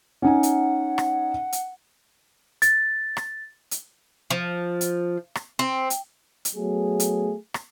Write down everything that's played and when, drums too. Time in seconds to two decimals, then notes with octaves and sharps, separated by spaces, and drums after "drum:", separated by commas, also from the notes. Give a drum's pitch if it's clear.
0.22 C#4 D#4 F#5 G#5
0.43 drum: hi-hat
0.98 drum: rim click
1.53 drum: hi-hat
2.62 A6, drum: hi-hat
3.17 drum: rim click
3.71 drum: hi-hat
4.31 F3
4.81 drum: hi-hat
5.35 drum: rim click
5.59 C4
5.90 drum: hi-hat
6.45 drum: hi-hat
6.56 F#3 A3 B3 G#4
7.00 drum: hi-hat
7.54 drum: rim click